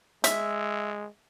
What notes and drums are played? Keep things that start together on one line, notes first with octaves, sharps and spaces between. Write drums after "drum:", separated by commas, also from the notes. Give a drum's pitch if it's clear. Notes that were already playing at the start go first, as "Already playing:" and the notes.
G#3 E5, drum: hi-hat